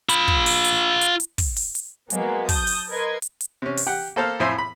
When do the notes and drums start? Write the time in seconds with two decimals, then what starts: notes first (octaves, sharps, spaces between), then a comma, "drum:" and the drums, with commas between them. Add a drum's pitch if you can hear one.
0.09 F4 B5, drum: hi-hat
0.28 drum: kick
0.46 drum: open hi-hat
0.64 drum: hi-hat
1.01 drum: hi-hat
1.20 drum: hi-hat
1.38 drum: kick, open hi-hat
1.56 drum: open hi-hat
1.75 drum: hi-hat
2.10 F#3 G#3 A#3 B3, drum: hi-hat
2.49 A5 D#6 G6, drum: kick, open hi-hat
2.67 drum: open hi-hat
2.89 A#4 B4 D#5 C6 G#6
3.22 drum: hi-hat
3.41 drum: hi-hat
3.62 C3 C#4
3.77 drum: open hi-hat
3.87 G4 F#5
4.16 A#3 A4 C5 F5
4.40 F2 A2 E4 C5 G#5 C6
4.58 B5